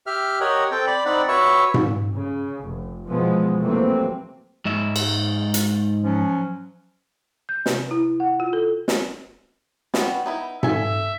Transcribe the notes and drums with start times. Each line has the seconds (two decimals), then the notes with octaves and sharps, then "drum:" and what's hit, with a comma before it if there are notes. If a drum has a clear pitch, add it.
0.07 G4 E5 F6
0.41 G4 A#4 C#5 D#5 F#5
0.71 C4 A4 G5
0.87 D5 B5
1.05 C4 D#4 D5 F#5 B5
1.28 F#4 B4 C#5 E5 C#6 E6
1.74 drum: tom G#2
2.13 C#3
2.64 F1
3.08 B2 E3 F3 G#3 B3
3.60 C3 E3 F#3 A3 A#3 C4
4.65 G#2 G#3 E5
4.96 drum: cymbal
5.54 drum: hi-hat
6.03 F3 F#3 C#4
7.49 G6
7.66 C3, drum: snare
7.91 E4
8.20 F#5
8.40 F4
8.53 A4
8.88 drum: snare
9.94 G3 B3 F#4, drum: snare
10.26 B3 D#4 E4
10.63 A4 E5 G#5, drum: tom G#2